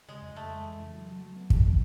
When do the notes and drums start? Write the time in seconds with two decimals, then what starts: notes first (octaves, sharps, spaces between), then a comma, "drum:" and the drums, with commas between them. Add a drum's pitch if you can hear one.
0.08 C#3 G#3
0.22 F2
0.36 F2 A3
0.51 G#3
0.65 E3
0.79 C#3
0.94 F#3
1.07 F#3
1.22 F#3
1.36 B3
1.50 B3, drum: kick
1.64 F#3